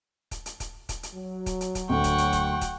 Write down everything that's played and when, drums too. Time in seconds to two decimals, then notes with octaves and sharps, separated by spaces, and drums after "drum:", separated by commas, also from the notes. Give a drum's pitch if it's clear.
0.31 drum: kick, hi-hat
0.46 drum: hi-hat
0.60 drum: kick, hi-hat
0.89 drum: kick, hi-hat
1.03 drum: hi-hat
1.14 F#3
1.46 drum: kick, hi-hat
1.61 drum: hi-hat
1.75 drum: kick, hi-hat
1.89 D2 A3 F#5 G5 C#6
2.04 drum: kick, hi-hat
2.18 drum: hi-hat
2.33 drum: kick, hi-hat
2.61 drum: kick, hi-hat